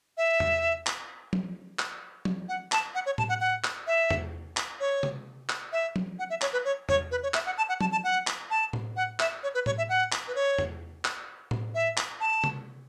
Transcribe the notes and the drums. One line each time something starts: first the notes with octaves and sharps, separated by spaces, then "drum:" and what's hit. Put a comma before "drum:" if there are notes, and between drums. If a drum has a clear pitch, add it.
E5
drum: tom E2
drum: clap
drum: tom F3
drum: clap
drum: tom F3
F#5
A5, drum: clap
F#5
C#5
A5, drum: tom A2
F#5
F#5
drum: clap
E5
drum: tom E2
drum: clap
C#5
drum: tom C3
drum: clap
E5
drum: tom F3
F#5
E5
C#5, drum: clap
B4
C#5
C#5, drum: tom E2
B4
C#5
E5, drum: clap
F#5
A5
F#5
A5, drum: tom F3
A5
F#5
drum: clap
A5
drum: tom A2
F#5
E5, drum: clap
C#5
B4
C#5, drum: tom A2
E5
F#5
drum: clap
B4
C#5
drum: tom E2
drum: clap
drum: tom A2
E5
drum: clap
A5
drum: tom C3